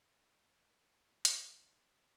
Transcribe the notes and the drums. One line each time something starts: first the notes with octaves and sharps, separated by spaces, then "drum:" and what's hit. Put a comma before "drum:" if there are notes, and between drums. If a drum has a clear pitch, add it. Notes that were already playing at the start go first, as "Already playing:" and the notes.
Already playing: B3
A#3
A#3
A3, drum: hi-hat
G3